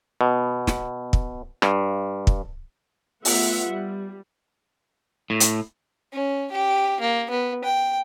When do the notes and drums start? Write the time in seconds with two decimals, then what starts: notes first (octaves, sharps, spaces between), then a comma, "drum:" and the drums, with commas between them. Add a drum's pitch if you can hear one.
0.21 B2
0.67 drum: snare
1.13 drum: kick
1.62 G2, drum: rim click
2.27 drum: kick
3.25 A3 B3 F4 E5 F#5, drum: open hi-hat
3.69 G3
5.30 A2
5.40 drum: hi-hat
6.13 C#4
6.51 G4
7.01 A#3
7.30 B3
7.64 G5